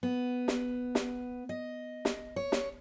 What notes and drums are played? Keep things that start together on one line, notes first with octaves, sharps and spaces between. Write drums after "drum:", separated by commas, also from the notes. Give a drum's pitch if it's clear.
B3
drum: snare
drum: snare
D#5
drum: snare
C#5
drum: snare